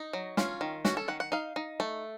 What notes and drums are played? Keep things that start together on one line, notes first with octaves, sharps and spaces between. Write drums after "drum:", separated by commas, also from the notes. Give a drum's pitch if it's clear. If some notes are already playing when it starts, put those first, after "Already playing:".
Already playing: D#4
F#3
C#4 F4, drum: snare
D#3
C#4 F#4, drum: snare
A4
D#3 F#5
F#5
D#4 F5
D#4
A3